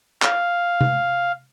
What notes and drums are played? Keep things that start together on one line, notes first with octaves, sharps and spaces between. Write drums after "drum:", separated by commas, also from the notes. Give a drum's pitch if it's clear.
F5, drum: clap
drum: tom C3